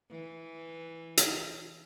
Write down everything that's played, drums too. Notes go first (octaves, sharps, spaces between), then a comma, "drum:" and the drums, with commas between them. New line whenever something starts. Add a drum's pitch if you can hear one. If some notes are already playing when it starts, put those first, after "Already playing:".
E3
drum: hi-hat